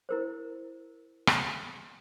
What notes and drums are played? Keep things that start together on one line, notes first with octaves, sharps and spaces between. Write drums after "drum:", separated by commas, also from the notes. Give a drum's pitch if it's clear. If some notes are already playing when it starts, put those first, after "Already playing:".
E4 A#4 C5
drum: rim click